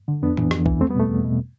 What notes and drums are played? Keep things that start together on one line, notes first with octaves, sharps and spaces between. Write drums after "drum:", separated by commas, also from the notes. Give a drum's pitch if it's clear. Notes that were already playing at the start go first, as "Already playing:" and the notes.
D3
F2 B3 D4
E3, drum: tom A2
F2, drum: rim click
E3, drum: kick
E2 A3 C4
G3 B3
B2 A3
E2
B2